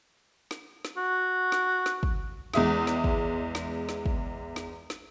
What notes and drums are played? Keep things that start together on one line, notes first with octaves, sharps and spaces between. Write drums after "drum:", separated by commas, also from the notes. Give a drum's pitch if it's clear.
drum: snare
drum: snare
F#4
drum: snare
drum: snare
drum: kick
E2 G#3 E5 D#6, drum: snare
drum: snare
drum: kick
drum: snare
drum: snare
drum: kick
drum: snare
drum: snare